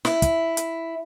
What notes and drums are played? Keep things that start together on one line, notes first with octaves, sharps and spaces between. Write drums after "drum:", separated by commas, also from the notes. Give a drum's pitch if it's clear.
E4, drum: snare
drum: kick, hi-hat
drum: hi-hat